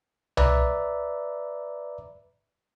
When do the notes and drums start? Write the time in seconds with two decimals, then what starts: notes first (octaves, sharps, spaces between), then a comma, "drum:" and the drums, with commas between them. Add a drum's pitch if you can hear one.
0.37 B4 D5 E5 A#5, drum: tom C2